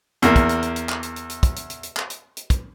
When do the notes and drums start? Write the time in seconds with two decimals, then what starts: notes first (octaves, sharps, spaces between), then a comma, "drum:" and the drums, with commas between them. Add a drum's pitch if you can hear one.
0.22 E2 A#3, drum: hi-hat
0.36 drum: kick, hi-hat
0.49 drum: hi-hat
0.63 drum: hi-hat
0.76 drum: hi-hat
0.89 drum: clap
1.03 drum: hi-hat
1.16 drum: hi-hat
1.30 drum: hi-hat
1.43 drum: kick, hi-hat
1.56 drum: hi-hat
1.70 drum: hi-hat
1.83 drum: hi-hat
1.97 drum: clap
2.10 drum: hi-hat
2.37 drum: hi-hat
2.50 drum: kick, hi-hat